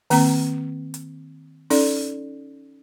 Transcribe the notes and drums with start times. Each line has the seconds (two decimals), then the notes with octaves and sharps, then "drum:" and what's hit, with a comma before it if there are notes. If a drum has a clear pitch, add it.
0.10 D#3 A#3 C4 A#5, drum: open hi-hat
0.94 drum: hi-hat
1.70 C#4 D#4 A4 D5, drum: open hi-hat